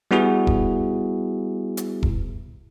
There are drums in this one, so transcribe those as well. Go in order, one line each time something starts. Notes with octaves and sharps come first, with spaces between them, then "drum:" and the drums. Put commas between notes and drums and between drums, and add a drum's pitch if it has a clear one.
G3 B3 E4 F#4 G#4
drum: kick E1
drum: hi-hat
drum: kick E1